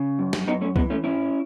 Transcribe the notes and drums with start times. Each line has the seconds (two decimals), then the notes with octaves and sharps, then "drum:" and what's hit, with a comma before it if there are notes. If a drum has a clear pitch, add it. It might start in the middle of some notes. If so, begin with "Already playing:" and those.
Already playing: C#3
0.19 F#2
0.33 drum: snare
0.47 F#2 B3 D#4
0.61 A3 C#4
0.76 E3 G#3 B3, drum: kick C2
0.90 A3 C#4
1.04 G#2 C#4 E4